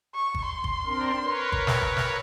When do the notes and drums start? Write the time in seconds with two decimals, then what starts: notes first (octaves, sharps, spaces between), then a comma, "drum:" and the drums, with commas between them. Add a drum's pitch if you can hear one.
0.14 C#6
0.34 drum: kick
0.46 C6
0.64 drum: kick
0.86 C4 D4 A#4
1.23 A#4 B4 C#5
1.52 drum: kick
1.67 drum: snare
1.82 drum: kick
1.96 drum: snare